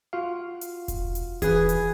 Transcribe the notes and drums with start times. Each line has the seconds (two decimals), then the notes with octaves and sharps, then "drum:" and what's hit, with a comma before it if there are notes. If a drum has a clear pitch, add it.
0.13 F4 F#4 F5
0.61 drum: hi-hat
0.88 drum: kick E1, hi-hat
1.15 drum: hi-hat
1.42 E3 G#4 B4, drum: kick E1, hi-hat
1.69 drum: hi-hat